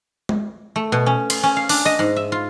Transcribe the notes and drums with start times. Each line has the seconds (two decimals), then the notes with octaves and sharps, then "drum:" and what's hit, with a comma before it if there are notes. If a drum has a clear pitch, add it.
0.29 drum: tom G#3
0.76 A3
0.92 B2
1.06 C#4
1.30 C6, drum: cymbal
1.43 C#4
1.57 F5
1.69 D4, drum: open hi-hat
1.85 D#5
1.99 G#2
2.16 E5
2.32 F4